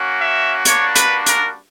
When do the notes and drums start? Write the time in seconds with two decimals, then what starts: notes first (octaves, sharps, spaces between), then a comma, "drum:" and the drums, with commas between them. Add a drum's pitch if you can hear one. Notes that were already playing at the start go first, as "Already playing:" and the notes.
Already playing: A#3 C#4 F#4
0.20 E5
0.65 G3 A#3 D4 F#4 C#5, drum: hi-hat
0.96 B4, drum: hi-hat
1.26 A#4, drum: hi-hat